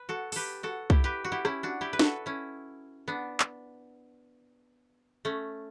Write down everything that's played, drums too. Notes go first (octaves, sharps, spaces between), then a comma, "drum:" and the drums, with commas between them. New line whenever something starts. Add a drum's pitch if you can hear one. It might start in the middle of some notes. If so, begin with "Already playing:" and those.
Already playing: B4
F#4 A4
G4 A4 B4, drum: open hi-hat
F#4 A4
E4 G4, drum: kick C2
G4 B4
F#4
E4 G4
C#4 E4, drum: rim click
D4 F#4
E4 G4
B4
F#4 A4, drum: snare
C#4 E4
B3 D4
drum: clap
A3 C#4